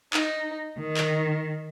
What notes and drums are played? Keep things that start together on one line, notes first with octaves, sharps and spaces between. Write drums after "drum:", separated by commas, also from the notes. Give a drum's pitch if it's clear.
D#4, drum: clap
D#3
drum: clap